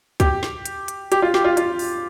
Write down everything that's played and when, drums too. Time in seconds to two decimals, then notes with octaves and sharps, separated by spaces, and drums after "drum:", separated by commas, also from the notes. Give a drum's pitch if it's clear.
0.20 G4, drum: kick, hi-hat
0.43 drum: snare
0.66 drum: hi-hat
0.88 drum: hi-hat
1.12 G4, drum: hi-hat
1.22 F4
1.34 G4, drum: snare
1.45 F4
1.57 F4, drum: hi-hat
1.79 drum: open hi-hat